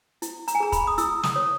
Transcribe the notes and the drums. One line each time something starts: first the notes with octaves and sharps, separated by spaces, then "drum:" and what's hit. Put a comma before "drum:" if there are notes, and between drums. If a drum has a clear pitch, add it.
E4, drum: hi-hat
A#5, drum: hi-hat
G#5
G#4 A#5
B5, drum: kick, hi-hat
D#6
E4 E6, drum: hi-hat
D#6, drum: snare
C#5